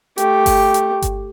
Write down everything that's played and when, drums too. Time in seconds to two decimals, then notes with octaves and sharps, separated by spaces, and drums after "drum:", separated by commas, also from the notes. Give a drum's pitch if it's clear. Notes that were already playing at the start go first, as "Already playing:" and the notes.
0.18 A3 G4, drum: hi-hat
0.46 drum: kick G1, open hi-hat
0.74 drum: hi-hat
1.02 drum: kick G1, hi-hat